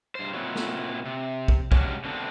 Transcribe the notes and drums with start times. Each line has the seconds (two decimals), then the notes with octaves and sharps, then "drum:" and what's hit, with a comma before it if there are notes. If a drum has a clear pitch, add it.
0.15 G2 C5
0.34 A#2 E3 C4 E4 F#4 C#5
0.55 drum: snare
1.05 C3
1.48 drum: kick
1.72 G#3 C#4 D4 F#4 G4, drum: kick
2.04 B2 D3 C4 D4